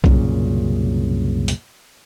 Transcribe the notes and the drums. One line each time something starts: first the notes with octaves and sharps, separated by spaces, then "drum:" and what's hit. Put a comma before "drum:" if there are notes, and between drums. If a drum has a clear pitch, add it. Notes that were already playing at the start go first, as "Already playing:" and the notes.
C2 F#2 A#2 C#3, drum: kick B1
drum: hi-hat